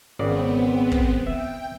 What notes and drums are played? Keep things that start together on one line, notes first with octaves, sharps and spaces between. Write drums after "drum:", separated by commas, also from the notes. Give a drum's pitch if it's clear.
G#1 C#3 B3 C4 D5
drum: kick
E5 G5